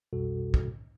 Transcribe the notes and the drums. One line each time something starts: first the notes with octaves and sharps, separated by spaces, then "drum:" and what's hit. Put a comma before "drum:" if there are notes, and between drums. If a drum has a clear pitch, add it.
B1 F2 B2 G3 F#4 A4
drum: kick